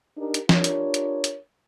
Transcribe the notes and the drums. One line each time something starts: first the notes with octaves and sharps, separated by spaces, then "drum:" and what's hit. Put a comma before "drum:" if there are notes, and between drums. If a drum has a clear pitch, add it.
D4 D#4 G4 A#4
drum: hi-hat
D4 F4 G4 A#4 C#5, drum: snare
drum: hi-hat
drum: hi-hat
drum: hi-hat